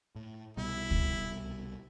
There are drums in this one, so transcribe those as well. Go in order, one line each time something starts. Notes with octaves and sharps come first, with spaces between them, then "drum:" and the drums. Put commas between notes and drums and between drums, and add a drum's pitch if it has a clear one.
A2
C2 B2 G3 E4
drum: kick C#2